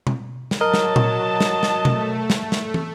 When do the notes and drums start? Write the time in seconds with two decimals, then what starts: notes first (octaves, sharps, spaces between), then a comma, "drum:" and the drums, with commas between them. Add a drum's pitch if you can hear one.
0.07 drum: tom B2
0.51 drum: snare
0.61 F#3 A#4 D#5 A5
0.74 drum: snare
0.96 drum: tom A#2
1.40 drum: snare
1.63 drum: snare
1.85 A3, drum: tom B2
2.30 drum: snare
2.52 drum: snare
2.74 drum: tom